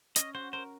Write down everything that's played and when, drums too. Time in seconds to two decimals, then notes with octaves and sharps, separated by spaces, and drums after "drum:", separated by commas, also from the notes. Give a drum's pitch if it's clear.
0.16 C#4 D#5, drum: hi-hat
0.34 F#4 C5
0.53 A#4 C5